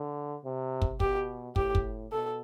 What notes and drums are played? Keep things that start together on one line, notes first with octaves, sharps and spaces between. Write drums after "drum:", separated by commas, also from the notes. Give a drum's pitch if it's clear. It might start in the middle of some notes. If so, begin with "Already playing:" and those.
Already playing: D3
C3
drum: kick
B2 G4, drum: kick
A2 G4, drum: kick
drum: kick
B2 A4